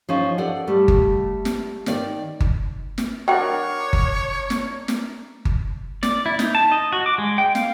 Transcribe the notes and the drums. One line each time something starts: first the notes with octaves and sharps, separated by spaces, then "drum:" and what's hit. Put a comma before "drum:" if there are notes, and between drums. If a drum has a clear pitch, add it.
F3 C#4 D#4
A4 D5 F#5
G3 A3
drum: kick G1
drum: snare
D#3 D5, drum: snare
drum: kick G1
drum: snare
F#3 D4 A#4 C#5 F#5 G5
drum: kick G1
drum: snare
drum: snare
drum: kick G1
D5, drum: snare
E4
D#4, drum: snare
A5
D#5
F#4
D6
G#3
G5
F5, drum: snare